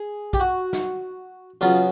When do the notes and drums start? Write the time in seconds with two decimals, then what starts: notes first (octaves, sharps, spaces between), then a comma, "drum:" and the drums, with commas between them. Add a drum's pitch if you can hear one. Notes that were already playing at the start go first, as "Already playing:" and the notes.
Already playing: G#4
0.33 G4, drum: kick A#1
0.40 F#4
0.73 drum: snare
1.61 C#3 F#3 B3 F4